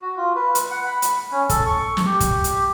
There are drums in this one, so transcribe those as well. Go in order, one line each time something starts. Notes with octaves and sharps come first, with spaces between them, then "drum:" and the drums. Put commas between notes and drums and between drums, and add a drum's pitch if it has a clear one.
F#4
F4
B4
drum: hi-hat
F#5
B5
drum: hi-hat
C#4
A4, drum: kick, hi-hat
C#6
drum: snare
G4
drum: kick, hi-hat
drum: hi-hat